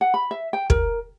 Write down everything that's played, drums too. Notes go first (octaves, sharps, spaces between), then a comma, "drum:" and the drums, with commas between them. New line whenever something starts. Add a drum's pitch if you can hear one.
F#5
B5
E5
G5
A#4, drum: kick